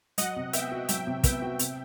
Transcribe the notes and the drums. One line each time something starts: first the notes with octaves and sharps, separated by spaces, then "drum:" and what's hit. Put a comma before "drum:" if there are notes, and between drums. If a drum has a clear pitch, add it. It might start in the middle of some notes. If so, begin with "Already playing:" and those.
F#3 D#5 F#5, drum: hi-hat
C3
B3 E5 G5, drum: hi-hat
F#4
F#3 E5 G5, drum: hi-hat
C3
B3 E5 G5, drum: kick, hi-hat
F#4
C3, drum: hi-hat